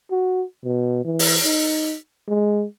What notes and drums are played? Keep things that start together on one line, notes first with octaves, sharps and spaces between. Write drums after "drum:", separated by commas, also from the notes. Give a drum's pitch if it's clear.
F#4
B2
E3
drum: open hi-hat
D#4
G#3